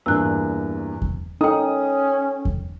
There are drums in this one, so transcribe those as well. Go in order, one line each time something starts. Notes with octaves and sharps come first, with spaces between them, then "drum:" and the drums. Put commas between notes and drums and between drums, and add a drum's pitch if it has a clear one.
E2 G2 A#2 E6 F#6
drum: kick E2
C#4 D#4 A4 G5 D#6
drum: kick E2